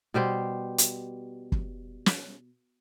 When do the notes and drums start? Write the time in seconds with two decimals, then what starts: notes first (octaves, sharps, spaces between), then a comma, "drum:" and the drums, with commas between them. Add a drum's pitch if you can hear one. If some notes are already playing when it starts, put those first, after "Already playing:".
0.14 B2 G3 G4 C5
0.78 drum: hi-hat
1.52 drum: kick
2.06 drum: snare